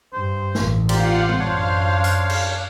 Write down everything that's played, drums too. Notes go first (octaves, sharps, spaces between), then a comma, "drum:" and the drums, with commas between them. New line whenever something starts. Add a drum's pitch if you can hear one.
G2 C5
A1, drum: snare
A#3 F4 G4 C5 D5 F5 F#5, drum: cymbal
drum: tom
F#2 D4 C#5 F5
drum: hi-hat
drum: cymbal